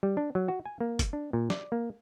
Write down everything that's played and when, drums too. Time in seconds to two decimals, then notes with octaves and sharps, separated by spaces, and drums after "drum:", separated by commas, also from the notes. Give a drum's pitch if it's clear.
0.03 G3
0.17 D4
0.35 F#3
0.48 F#4
0.65 G#5
0.81 A#3
0.99 drum: kick F#1, hi-hat
1.13 D4
1.33 A#2
1.50 D5, drum: snare
1.72 A#3